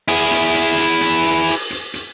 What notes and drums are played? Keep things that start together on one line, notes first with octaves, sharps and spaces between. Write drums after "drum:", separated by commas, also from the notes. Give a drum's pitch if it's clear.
E4 G#4, drum: open hi-hat
drum: hi-hat
drum: hi-hat
drum: hi-hat
drum: hi-hat
drum: hi-hat
drum: open hi-hat
drum: hi-hat
drum: hi-hat